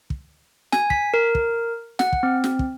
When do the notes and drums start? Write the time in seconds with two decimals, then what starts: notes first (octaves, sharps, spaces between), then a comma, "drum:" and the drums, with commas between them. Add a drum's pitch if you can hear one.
0.10 drum: kick
0.72 G#5, drum: snare
0.90 B6, drum: kick
1.14 A#4
1.35 drum: kick
1.99 F#5, drum: snare
2.13 drum: kick
2.23 C4
2.44 drum: snare
2.59 drum: kick